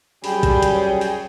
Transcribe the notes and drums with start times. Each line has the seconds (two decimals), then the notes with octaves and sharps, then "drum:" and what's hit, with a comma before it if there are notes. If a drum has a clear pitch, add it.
0.24 F#2 C#3 G3 G#4 G5 B5, drum: open hi-hat
0.43 drum: kick, hi-hat
0.63 drum: hi-hat
0.73 C#5
1.01 drum: open hi-hat